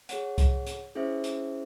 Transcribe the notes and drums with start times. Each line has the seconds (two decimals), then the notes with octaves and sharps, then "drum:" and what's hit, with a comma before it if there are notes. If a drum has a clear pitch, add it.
0.09 G#4 C#5 F#5, drum: hi-hat
0.38 drum: kick C2, hi-hat
0.66 drum: hi-hat
0.95 C#4 E4 G#4 C5 E5
1.24 drum: hi-hat